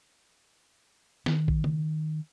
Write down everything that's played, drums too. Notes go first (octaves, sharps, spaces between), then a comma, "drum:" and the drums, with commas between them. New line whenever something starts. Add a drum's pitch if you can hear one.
D#3, drum: snare
drum: kick
drum: tom